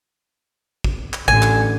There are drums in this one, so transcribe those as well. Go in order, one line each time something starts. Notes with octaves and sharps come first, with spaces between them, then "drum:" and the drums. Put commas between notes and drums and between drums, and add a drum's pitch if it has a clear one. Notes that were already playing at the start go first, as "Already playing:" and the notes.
drum: kick
drum: clap
A1 D3 G#5, drum: kick
drum: clap